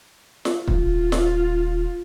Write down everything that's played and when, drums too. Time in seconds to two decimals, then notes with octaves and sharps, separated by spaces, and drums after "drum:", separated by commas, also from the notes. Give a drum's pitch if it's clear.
0.45 drum: snare
0.67 D#1 F4, drum: kick
1.12 drum: snare